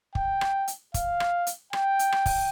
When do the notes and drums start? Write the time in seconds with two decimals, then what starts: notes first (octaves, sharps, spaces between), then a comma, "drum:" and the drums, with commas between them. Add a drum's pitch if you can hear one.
0.15 G5, drum: kick
0.41 drum: rim click
0.68 drum: hi-hat
0.94 F5, drum: kick, hi-hat
1.20 drum: rim click
1.47 drum: hi-hat
1.73 G5, drum: rim click
1.99 drum: hi-hat
2.12 drum: rim click
2.26 drum: kick, open hi-hat